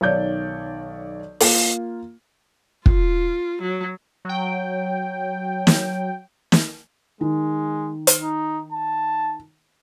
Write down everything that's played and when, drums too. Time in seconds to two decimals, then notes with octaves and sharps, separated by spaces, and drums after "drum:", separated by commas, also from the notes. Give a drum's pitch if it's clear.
0.01 B1 D#3 C#5 D5 G6
1.40 A#3 F4, drum: open hi-hat
2.86 F4, drum: kick
3.62 F#3
4.25 F#3 G5
5.67 drum: snare
6.52 drum: snare
7.21 D#3 G#3
8.07 drum: hi-hat
8.20 D#4
8.72 A5